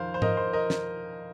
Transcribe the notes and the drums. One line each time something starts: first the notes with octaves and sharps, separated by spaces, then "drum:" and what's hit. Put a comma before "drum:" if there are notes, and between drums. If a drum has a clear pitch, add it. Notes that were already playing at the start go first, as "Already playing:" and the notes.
Already playing: F2 D#3 A#4 C5 F5
C5
A#4 D#5, drum: tom G#2
C5
A#4 D#5
drum: snare